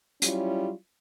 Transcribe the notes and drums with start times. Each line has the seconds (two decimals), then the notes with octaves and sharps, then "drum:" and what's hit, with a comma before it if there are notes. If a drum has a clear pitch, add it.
0.22 F#3 G3 C#4 E4 F4, drum: hi-hat